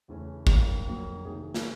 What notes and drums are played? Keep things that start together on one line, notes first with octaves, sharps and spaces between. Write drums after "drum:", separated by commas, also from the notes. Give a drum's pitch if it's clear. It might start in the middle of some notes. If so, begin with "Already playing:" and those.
E2 C#3 E3 A3 C#4
F2 D3 F#3 A#3, drum: kick
F2 D3 F#3 A#3
C3 D#3 F#3 G#4
drum: snare